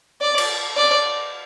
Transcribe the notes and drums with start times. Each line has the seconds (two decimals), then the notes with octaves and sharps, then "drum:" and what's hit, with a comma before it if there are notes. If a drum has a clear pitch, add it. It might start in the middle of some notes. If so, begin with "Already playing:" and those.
0.21 D5
0.38 drum: cymbal
0.77 D5